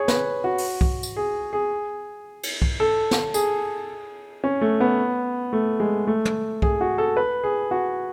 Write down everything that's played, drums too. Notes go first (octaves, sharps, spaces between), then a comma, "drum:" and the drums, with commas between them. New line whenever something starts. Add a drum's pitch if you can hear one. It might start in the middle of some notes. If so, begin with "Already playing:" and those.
Already playing: G#4 C#5
B4, drum: snare
F#4
drum: open hi-hat
drum: kick C2
drum: tambourine
G#4
G#4
drum: cymbal
drum: kick C2
A4
drum: snare
G#4, drum: tambourine
C#4
A3
B3
A3
G#3
A3
drum: tom
G#4, drum: kick C2
F#4
A4
B4
G#4
F#4